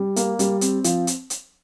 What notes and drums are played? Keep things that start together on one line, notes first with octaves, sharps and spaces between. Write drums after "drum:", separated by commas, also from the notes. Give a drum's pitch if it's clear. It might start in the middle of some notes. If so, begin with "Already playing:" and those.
Already playing: G3
A#3, drum: hi-hat
G3, drum: hi-hat
C4, drum: hi-hat
F3, drum: hi-hat
drum: hi-hat
drum: hi-hat